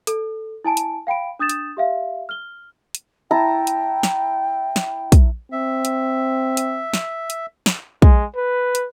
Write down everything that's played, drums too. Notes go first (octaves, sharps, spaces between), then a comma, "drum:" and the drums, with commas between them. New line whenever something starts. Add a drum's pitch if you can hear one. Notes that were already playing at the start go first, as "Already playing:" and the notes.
A4, drum: hi-hat
E4 G#5 A5 D7
drum: hi-hat
F5 G5 B5 D7
D4 D#6 G6 A6 E7
drum: hi-hat
G4 E5 F5
F6 G7
drum: hi-hat
E4 G5 A5 A#5
drum: hi-hat
drum: snare
drum: snare
drum: kick, hi-hat
C4 E5
drum: hi-hat
drum: hi-hat
drum: snare
drum: hi-hat
drum: snare
G#3, drum: kick
B4
drum: hi-hat